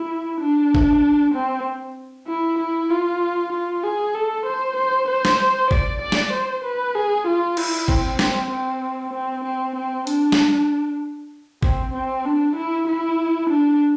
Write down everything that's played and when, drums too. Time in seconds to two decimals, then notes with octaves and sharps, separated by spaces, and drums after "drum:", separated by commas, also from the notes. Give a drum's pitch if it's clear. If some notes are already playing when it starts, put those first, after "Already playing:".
Already playing: E4
0.40 D4
0.74 drum: kick G#1
1.34 C4
2.27 E4
2.59 E4
2.90 F4
3.52 F4
3.83 G#4
4.15 A4
4.46 C5
4.76 C5
5.08 C5
5.25 drum: snare
5.71 D5, drum: kick G#1
6.01 D5
6.12 drum: snare
6.33 C5
6.64 B4
6.95 G#4
7.27 F4
7.57 E4, drum: cymbal
7.88 C4, drum: kick G#1
8.19 C4, drum: snare
8.51 C4
9.13 C4
9.44 C4
9.75 C4
10.07 D4, drum: hi-hat
10.32 drum: snare
11.63 C4, drum: kick G#1
11.93 C4
12.25 D4
12.55 E4
12.87 E4
13.50 D4